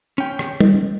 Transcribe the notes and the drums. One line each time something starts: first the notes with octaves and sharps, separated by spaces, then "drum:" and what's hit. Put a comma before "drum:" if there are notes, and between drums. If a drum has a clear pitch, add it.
C#4 G5
drum: rim click
drum: tom